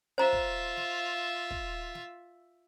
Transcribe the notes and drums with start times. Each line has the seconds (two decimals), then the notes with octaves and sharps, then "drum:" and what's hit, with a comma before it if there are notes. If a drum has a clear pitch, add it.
0.18 F4 C5 E5 A#5
0.33 drum: kick
0.77 drum: snare
1.50 drum: kick
1.95 drum: snare